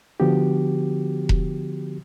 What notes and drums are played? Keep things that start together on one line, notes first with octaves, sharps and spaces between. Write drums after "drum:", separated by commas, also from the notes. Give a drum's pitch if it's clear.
D3 F3 B3 F#4 G4
drum: kick E1